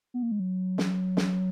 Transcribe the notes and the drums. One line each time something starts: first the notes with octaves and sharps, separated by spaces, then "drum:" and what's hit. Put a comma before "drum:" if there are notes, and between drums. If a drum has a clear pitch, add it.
B3
A#3
G#3
F#3
drum: snare
drum: snare